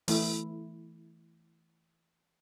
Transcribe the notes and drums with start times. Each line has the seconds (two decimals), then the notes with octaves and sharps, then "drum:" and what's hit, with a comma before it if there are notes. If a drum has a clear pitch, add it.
0.08 E3 A3 E4, drum: open hi-hat